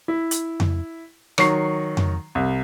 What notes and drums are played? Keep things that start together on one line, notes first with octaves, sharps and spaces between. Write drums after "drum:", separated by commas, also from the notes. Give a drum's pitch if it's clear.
E4
drum: hi-hat
drum: tom F2
D#3 F#3 C#6 C7, drum: rim click
drum: tom F2
C2